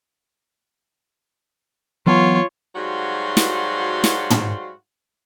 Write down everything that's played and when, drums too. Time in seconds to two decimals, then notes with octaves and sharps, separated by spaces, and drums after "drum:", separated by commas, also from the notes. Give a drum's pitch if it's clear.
2.06 E3 F#3 B3 F4 C#5
2.76 G#2 F#3 G3 F#4 F5 C6
3.37 drum: snare
4.04 drum: snare
4.30 drum: tom